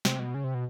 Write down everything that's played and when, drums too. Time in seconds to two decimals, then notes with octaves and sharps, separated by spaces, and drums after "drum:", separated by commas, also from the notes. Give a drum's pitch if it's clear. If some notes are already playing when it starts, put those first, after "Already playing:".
0.05 C3, drum: snare
0.19 B2
0.34 C#3
0.44 C3
0.54 B2